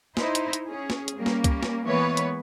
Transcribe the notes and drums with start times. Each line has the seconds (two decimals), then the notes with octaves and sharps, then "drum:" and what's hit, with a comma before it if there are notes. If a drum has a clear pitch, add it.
0.17 D#4 E4 C5, drum: snare
0.35 drum: hi-hat
0.53 drum: hi-hat
0.67 C#4 G#4
0.90 drum: snare
1.08 drum: hi-hat
1.17 G3 A#3 C#4
1.26 drum: snare
1.44 drum: kick, hi-hat
1.63 drum: snare
1.85 E3 G#3 A#3 B3 B4 C#5
2.17 drum: hi-hat